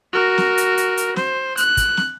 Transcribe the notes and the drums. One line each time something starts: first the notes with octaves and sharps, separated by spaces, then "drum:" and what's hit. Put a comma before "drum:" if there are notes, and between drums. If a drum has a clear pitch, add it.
F#4 A#4
drum: snare
drum: hi-hat
drum: hi-hat
drum: hi-hat
C5, drum: snare
F#6, drum: hi-hat
drum: kick, hi-hat
drum: snare